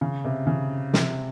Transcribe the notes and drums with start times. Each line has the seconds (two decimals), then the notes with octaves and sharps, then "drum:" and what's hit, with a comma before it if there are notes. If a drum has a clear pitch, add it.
0.01 C#3
0.25 C3
0.47 C#3
0.94 C3, drum: snare